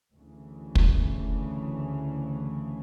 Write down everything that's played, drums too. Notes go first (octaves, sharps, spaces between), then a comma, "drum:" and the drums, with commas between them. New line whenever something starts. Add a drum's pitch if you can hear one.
D2 C#3 E3
drum: kick